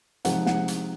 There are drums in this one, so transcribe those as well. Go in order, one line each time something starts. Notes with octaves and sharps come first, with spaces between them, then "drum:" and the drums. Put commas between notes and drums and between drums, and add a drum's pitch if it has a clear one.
C3 F3 G#3 C4 D#4 F#5, drum: hi-hat
F#5, drum: snare
drum: hi-hat